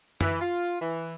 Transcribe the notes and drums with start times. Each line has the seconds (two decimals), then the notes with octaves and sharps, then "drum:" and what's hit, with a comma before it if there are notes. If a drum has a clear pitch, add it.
0.21 E3, drum: tom
0.41 F4
0.81 E3